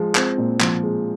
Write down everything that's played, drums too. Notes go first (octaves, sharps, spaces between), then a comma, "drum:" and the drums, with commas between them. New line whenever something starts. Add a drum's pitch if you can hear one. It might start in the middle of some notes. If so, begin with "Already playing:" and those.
Already playing: F3 G#3
C4, drum: clap
A#2
F3, drum: clap
G#3